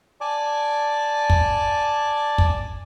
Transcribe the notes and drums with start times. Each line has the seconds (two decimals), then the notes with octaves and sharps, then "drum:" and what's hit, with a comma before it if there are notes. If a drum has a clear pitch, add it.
0.21 D5 G#5 A5 D6
1.30 drum: kick
2.38 drum: kick